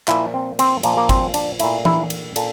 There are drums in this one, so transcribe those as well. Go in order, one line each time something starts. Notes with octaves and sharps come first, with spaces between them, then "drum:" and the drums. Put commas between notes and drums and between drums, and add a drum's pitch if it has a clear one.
A#2 F3 A#3 E4, drum: clap
C4
C4, drum: cymbal
A#2 F3 A#3, drum: cymbal
A#3
C4, drum: kick, cymbal
D4, drum: cymbal
A#2 A3 E4, drum: cymbal
E4, drum: tom E3
drum: cymbal
A#2 A4, drum: cymbal